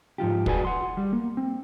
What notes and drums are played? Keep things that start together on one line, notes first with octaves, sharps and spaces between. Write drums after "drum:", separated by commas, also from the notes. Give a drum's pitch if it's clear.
G#2 F3 F4 G4
F#4 G#4 B4 D5 E5 G#5, drum: kick
F#5 C6
G3
A#3
C4